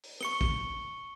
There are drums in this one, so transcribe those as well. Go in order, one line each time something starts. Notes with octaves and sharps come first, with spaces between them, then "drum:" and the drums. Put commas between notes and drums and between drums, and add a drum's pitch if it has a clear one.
drum: open hi-hat
C#6 C#7 G7, drum: rim click
drum: kick